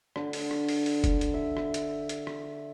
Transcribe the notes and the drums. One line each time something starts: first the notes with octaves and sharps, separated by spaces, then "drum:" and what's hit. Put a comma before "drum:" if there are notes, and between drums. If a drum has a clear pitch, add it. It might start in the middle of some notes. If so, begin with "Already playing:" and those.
D3, drum: rim click
drum: open hi-hat
drum: rim click
drum: open hi-hat
drum: open hi-hat
drum: kick, hi-hat
drum: hi-hat
E5
drum: rim click
drum: hi-hat
drum: hi-hat
drum: rim click